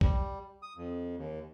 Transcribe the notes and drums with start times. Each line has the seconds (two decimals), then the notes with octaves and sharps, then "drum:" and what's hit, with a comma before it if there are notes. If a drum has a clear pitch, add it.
0.01 G3, drum: kick A#1
0.62 D#6
0.77 F2
1.18 D#2